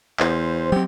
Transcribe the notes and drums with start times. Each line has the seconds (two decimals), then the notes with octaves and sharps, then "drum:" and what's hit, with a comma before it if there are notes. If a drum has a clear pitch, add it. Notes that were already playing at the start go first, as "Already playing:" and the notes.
0.20 E2 C5, drum: clap
0.72 F#3 C4 G4